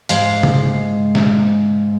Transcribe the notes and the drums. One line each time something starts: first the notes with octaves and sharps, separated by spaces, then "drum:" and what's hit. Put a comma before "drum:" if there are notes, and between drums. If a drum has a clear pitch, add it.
G#2 G#3 F5, drum: hi-hat
drum: tom C#3
drum: snare